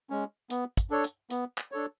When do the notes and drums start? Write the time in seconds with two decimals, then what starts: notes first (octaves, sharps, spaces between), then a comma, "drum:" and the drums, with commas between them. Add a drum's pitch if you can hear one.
0.10 G#3 C#4
0.50 B3, drum: hi-hat
0.77 drum: kick, hi-hat
0.91 D4 A4 C#5
1.04 drum: hi-hat
1.30 B3, drum: hi-hat
1.58 drum: clap
1.72 D4 A4 C#5